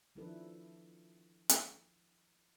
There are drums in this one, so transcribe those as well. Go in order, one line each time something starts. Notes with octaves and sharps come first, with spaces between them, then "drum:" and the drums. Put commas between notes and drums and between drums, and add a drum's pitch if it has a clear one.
D#3 F3 D4 E4 A4 B4
drum: hi-hat